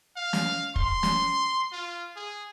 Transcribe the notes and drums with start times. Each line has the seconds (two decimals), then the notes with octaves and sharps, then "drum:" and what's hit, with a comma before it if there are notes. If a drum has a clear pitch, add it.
0.16 F5
0.33 drum: snare
0.76 C6, drum: kick
1.03 drum: snare
1.72 F4
2.16 G#4